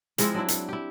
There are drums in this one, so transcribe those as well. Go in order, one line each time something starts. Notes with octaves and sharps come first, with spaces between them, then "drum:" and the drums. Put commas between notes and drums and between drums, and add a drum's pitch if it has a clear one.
F3 G#3 C4 E4, drum: hi-hat
F#3 D4 E4
drum: hi-hat
E4 G4